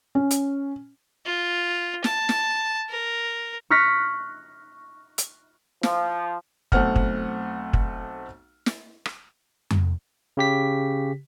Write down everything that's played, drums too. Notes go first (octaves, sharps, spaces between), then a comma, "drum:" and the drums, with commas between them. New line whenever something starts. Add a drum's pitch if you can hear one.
C#4
drum: hi-hat
F4
A5, drum: snare
drum: snare
A#4
C#6 F6 F#6 A#6 B6 C#7
drum: hi-hat
F3, drum: snare
B1 A3 C4 F#5 F6, drum: kick
drum: kick
drum: kick
drum: snare
drum: rim click
drum: tom F2
C#3 G4 B6